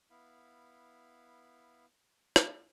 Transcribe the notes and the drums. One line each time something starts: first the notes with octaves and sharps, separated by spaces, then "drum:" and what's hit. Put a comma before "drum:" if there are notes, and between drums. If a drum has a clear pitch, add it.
B3 E4 F5 B5
drum: rim click